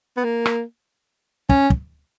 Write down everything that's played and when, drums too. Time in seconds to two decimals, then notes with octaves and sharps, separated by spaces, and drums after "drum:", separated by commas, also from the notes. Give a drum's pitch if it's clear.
0.17 B3
0.24 A#3
0.46 drum: rim click
1.49 C#4, drum: kick
1.70 drum: kick